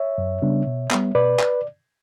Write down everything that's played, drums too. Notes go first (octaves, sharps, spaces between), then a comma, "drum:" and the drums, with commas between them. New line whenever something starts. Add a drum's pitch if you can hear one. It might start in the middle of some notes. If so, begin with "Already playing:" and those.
Already playing: C#5 E5
F#2
C#3 G3 B3 D4
B2
G3 B3, drum: clap
B2 B4 D5
drum: clap